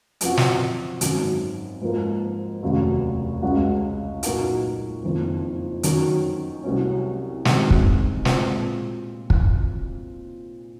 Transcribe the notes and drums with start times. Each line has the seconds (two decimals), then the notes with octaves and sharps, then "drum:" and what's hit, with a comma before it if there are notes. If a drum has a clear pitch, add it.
0.21 F#2 F3 C4 F#4, drum: hi-hat
0.37 drum: snare
1.01 G#1 F#2 D#3 F#3 C#4, drum: hi-hat
1.82 G#2 F3 A#3
2.63 F1 D#2 C#3 F#3
3.42 C#2 C#3 G#3 C#4 F#4
4.23 A#2 F#3 A#3 D#4 F#4, drum: hi-hat
5.03 F#1 F2 D#3
5.83 F#2 D#3 F#3 C#4, drum: hi-hat
6.64 C2 C3 F#3 C#4
7.45 F#2 D#3 G#3 C4, drum: snare
7.70 drum: kick
8.25 A#2 G#3 C4 F4, drum: snare
9.30 drum: kick